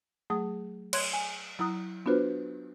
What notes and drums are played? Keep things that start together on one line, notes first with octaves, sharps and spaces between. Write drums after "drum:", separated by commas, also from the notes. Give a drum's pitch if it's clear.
F#3 A3 G#4 D#6
C#5 C6 F#6 G#6, drum: cymbal
G#5
F#3 E4 A#5 D#6 F#6
B3 D4 F4 F#4 B4 C5